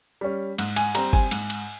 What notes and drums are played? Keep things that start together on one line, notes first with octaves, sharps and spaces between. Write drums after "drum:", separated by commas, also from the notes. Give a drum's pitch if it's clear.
G3 C#4
G#2, drum: cymbal
G#5, drum: cymbal
G3 C4 A#5, drum: cymbal
G#5, drum: kick G1
G#2, drum: cymbal
drum: cymbal